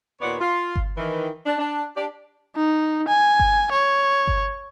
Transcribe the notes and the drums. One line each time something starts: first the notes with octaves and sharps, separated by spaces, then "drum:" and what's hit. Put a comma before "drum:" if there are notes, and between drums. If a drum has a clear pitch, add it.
D#2 A#2 B3 C#5 D5 F#5
F4
drum: kick G1
D#3 E3
D4
D4
D4 G4 D5
D#4
G#5
drum: kick G1
C#5
drum: kick G1